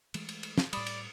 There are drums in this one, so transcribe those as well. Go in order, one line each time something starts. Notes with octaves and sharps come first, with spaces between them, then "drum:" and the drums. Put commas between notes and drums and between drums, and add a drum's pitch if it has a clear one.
E3 G#3 A3, drum: cymbal
drum: cymbal
drum: cymbal
drum: snare
A2 G3 D5 B5 D#6, drum: cymbal
drum: cymbal